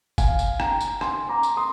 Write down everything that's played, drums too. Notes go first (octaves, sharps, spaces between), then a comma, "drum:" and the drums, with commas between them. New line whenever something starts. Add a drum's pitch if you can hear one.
F5 G#5, drum: kick F#1, tambourine
drum: tambourine
G5 A#5, drum: rim click
drum: tambourine
G#5 C6, drum: rim click
A#5 D6
drum: tambourine
C6 D#6